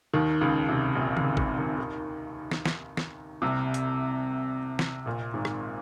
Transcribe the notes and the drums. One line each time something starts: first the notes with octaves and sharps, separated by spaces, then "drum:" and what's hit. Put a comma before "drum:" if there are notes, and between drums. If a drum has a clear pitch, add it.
D#2 D#3
C#2 C#3
C2 C3
A#1 A#2
C#2 C#3, drum: tom D#3
C#2 C#3, drum: kick A1
D#2 D#3
D#2 D#3
drum: snare
drum: snare
drum: snare
C2 C3
drum: hi-hat
drum: snare
A#1 A#2
G#1 G#2
drum: rim click